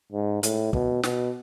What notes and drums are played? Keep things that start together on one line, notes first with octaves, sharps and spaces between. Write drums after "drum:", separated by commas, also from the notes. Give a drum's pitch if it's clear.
G#2
A2, drum: hi-hat
B2, drum: kick
B2, drum: snare